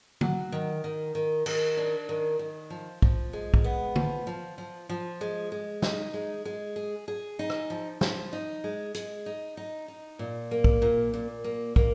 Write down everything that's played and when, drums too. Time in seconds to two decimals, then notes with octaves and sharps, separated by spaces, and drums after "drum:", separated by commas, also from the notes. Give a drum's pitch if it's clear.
0.21 F#3, drum: tom
0.52 D#3
0.84 D#3
1.15 D#3
1.46 D#3, drum: cymbal
1.77 D4
2.09 D#3
2.39 D#3
2.70 F3
3.02 F3, drum: kick
3.33 G#3
3.54 drum: kick
3.64 B3
3.96 F3, drum: tom
4.27 F3
4.58 F3
4.89 F3
5.21 G#3
5.52 G#3
5.82 D#4, drum: snare
6.14 G#3
6.45 G#3
6.76 G#4
7.08 G#4
7.39 D#4
7.50 drum: rim click
7.70 F3
8.01 F3, drum: snare
8.33 D#4
8.64 G#3
8.95 G#3, drum: hi-hat
9.26 D#4
9.57 D#4
9.88 D#4
10.19 A#2
10.51 A#3
10.64 drum: kick
10.82 A#2
11.14 A#2
11.44 A#3
11.76 A#3, drum: kick